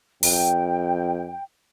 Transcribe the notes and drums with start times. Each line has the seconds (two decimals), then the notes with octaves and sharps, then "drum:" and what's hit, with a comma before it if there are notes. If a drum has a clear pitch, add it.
0.23 F2 G5, drum: open hi-hat